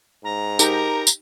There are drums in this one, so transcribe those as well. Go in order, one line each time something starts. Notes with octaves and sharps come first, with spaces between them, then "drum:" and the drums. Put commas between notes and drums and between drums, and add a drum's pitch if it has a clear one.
G#2 A#5
D#4 G4 A#4, drum: tambourine
drum: tambourine